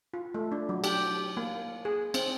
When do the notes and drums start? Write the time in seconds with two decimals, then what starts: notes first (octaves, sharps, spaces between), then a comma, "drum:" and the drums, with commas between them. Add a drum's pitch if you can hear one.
0.14 F4
0.34 A3
0.52 D4
0.69 F#3
0.84 G4, drum: cymbal
1.37 A#3
1.85 G#4
2.14 C4, drum: cymbal